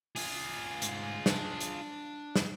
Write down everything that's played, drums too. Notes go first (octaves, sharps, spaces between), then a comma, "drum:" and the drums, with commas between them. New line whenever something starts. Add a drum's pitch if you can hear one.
F4 G#4, drum: open hi-hat
G#2, drum: hi-hat
D4, drum: snare
drum: hi-hat
drum: snare